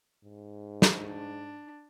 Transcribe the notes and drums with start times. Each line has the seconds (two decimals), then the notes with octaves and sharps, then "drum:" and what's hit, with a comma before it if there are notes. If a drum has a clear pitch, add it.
0.24 G#2
0.82 drum: snare
1.08 D4